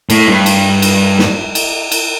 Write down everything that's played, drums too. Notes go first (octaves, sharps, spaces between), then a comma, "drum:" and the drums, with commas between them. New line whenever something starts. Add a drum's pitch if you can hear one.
A2, drum: cymbal
G2
drum: cymbal
drum: cymbal
drum: snare
drum: cymbal
drum: cymbal